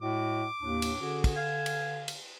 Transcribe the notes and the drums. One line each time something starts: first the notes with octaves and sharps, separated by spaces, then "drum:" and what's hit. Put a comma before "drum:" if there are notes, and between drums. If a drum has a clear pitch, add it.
A2 G#3 F#4 D6
D#2 A2 D4
drum: cymbal
D3 C#4 F#4 G#4
drum: kick, cymbal
F5 G#5
drum: cymbal
drum: cymbal